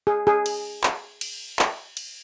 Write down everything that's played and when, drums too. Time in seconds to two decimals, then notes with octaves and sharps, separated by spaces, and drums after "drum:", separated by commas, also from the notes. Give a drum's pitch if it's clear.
0.07 G#4
0.27 G#4
0.46 drum: cymbal
0.84 drum: clap
1.21 drum: cymbal
1.59 drum: clap
1.97 drum: cymbal